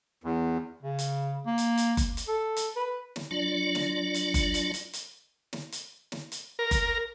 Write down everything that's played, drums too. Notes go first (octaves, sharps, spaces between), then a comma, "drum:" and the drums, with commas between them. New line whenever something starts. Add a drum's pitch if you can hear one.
E2
C#3
drum: hi-hat
A#3
drum: hi-hat
drum: hi-hat
drum: kick F#1, hi-hat
drum: hi-hat
A4
drum: hi-hat
B4
drum: snare
F#3 D4 F4 D5
drum: snare
drum: hi-hat
drum: kick F#1, hi-hat
drum: hi-hat
drum: hi-hat
drum: hi-hat
drum: snare
drum: hi-hat
drum: snare
drum: hi-hat
A#4
drum: kick F#1, hi-hat